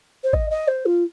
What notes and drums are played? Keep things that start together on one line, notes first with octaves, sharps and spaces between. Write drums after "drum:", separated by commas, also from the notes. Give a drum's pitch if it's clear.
C5
D#5, drum: kick A1
D#5
C5
F4